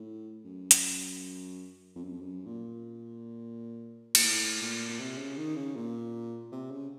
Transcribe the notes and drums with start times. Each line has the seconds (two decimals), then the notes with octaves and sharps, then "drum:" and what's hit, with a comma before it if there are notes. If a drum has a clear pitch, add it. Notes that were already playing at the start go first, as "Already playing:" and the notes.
Already playing: A2
0.44 F#2
0.71 drum: hi-hat
1.95 F2
2.04 F#2
2.12 F2
2.22 F#2
2.46 A#2
4.15 A#2, drum: cymbal
4.23 A2
4.62 A#2
4.89 A#2
4.99 C3
5.18 C#3
5.37 D#3
5.56 C#3
5.76 A#2
6.52 C3
6.71 C#3